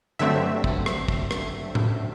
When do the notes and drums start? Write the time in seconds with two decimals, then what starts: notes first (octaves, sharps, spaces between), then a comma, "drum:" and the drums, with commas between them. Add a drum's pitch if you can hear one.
0.19 G2 D3 F#3 A3 C4 E5
0.64 drum: kick
0.86 drum: rim click
1.08 drum: kick
1.31 drum: rim click
1.75 drum: tom A2